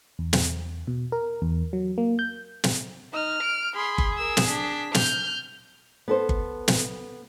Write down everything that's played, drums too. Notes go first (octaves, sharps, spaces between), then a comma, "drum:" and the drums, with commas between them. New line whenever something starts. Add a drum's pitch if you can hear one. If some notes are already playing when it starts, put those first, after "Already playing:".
E2
drum: snare
B2
A#4
E2
F#3
A#3
G6
drum: snare
D#4 F6
D7
G#4 B5 C6
drum: kick G1
A#4 E6
drum: snare
D4 B6
F6 G6, drum: snare
B3 A4 C5
drum: kick G1
drum: snare